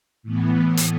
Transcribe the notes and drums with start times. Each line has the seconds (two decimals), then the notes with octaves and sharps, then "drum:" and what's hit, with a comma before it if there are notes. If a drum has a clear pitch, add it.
0.23 A2 E3 B3
0.77 drum: hi-hat